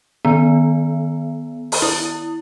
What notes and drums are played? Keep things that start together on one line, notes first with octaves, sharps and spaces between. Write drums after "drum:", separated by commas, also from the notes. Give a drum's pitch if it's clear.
D#3 B3
drum: open hi-hat
E4